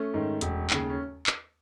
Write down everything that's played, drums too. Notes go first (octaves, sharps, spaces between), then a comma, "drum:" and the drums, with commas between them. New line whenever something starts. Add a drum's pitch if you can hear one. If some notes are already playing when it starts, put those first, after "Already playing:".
Already playing: A3 C#4
G#2 D#3
E1, drum: hi-hat
D#2 C#3, drum: clap
C#4
drum: clap